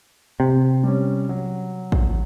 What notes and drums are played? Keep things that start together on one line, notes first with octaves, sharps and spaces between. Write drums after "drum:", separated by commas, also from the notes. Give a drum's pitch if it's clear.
C3
G3 C#4
F#3
drum: kick A1